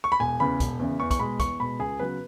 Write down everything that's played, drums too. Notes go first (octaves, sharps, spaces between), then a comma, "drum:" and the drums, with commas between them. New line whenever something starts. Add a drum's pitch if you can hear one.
C#6
B5
E1 G#5
E2 C#3 E3 B5
E1, drum: kick, hi-hat
E2 C#3 E3
E2 C#6
C#6, drum: kick, hi-hat
B2 G#3 B5
E2 C#6, drum: kick, hi-hat
B2 G#3 B5
C#2 G#4
C#3 F#3 B3 B4